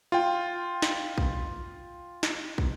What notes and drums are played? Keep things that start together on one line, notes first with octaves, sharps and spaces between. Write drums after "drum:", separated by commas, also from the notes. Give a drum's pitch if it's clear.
F4 G5
drum: snare
drum: kick
drum: snare
drum: kick